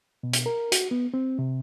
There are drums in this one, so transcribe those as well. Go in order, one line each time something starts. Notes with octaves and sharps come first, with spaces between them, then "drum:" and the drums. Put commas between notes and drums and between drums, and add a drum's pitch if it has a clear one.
B2
drum: hi-hat
A#4
F#4, drum: hi-hat
B3
C4
C3